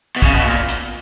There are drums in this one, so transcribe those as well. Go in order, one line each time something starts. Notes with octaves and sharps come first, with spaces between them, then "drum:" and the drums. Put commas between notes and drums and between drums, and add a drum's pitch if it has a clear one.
B2
C#3, drum: kick, hi-hat
B2
A#2
drum: hi-hat